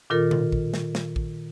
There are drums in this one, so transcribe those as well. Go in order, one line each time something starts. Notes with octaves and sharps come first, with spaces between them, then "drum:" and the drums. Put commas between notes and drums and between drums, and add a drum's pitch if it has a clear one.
A#2 D#3 F4 A4 A#4
drum: tom B2
drum: kick A#1
drum: snare
drum: snare
drum: kick A#1